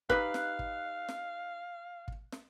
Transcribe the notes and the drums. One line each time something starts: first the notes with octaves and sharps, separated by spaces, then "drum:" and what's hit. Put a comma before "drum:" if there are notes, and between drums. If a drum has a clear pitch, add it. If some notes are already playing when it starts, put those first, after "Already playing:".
D#4 G4 B4 F5 F#6, drum: kick
drum: snare
drum: kick
drum: snare
drum: kick
drum: snare